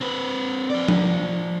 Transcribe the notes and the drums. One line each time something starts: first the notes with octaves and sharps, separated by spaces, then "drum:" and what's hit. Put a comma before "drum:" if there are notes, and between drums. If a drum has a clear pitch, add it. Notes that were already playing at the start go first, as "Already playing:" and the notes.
C4 B4
F3 D5
drum: tom F3